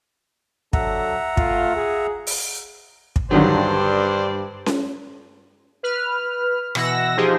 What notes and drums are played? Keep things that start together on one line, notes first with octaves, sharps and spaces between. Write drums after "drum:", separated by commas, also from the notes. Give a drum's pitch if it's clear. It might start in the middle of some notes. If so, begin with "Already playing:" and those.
F#3 D4 A4 E5 F#5 A#5, drum: kick
A3 F4, drum: kick
G#4
drum: open hi-hat
drum: kick
G2 D3 D#3 F#3 C5 D5 C6
drum: snare C#4
B4 F6
B2 E3 F#5 E6 A#6, drum: rim click
F3 D#4 G4 G#4 C5